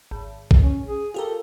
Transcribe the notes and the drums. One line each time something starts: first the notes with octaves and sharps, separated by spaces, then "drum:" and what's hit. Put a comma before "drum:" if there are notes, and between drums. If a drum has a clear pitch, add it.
G#1
drum: kick A1
C#4
G#4
F4 G4 A4 A#4